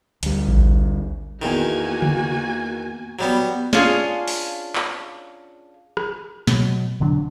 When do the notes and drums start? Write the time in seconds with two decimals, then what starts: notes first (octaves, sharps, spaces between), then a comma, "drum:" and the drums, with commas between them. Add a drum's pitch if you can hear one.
0.23 D2 G3, drum: hi-hat
0.48 drum: kick A1
1.42 E2 D#3 A#3 F#4 G#5
2.02 drum: tom C#3
3.19 F#3 G3 B3
3.73 C#4 D4 F4 G#4, drum: snare
4.28 drum: open hi-hat
4.75 drum: clap
5.97 drum: rim click
6.47 B2 F#3, drum: snare
7.00 E1 D3 F#3 D4